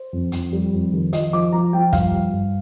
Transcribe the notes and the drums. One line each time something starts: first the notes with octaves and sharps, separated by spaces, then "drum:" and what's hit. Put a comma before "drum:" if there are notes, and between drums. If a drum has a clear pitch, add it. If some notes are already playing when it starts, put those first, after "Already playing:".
Already playing: C5
F2
F2, drum: hi-hat
G3
F2
D#3
F3 D#5, drum: hi-hat
F3 D6
F3 A#5
F3 G5
G2 F5, drum: kick, hi-hat
G2
G2